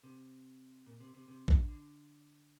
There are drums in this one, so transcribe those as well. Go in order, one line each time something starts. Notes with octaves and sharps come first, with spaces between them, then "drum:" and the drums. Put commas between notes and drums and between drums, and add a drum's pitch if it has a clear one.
C3
A#2
C3
C3
C3
D3, drum: kick A#1
D3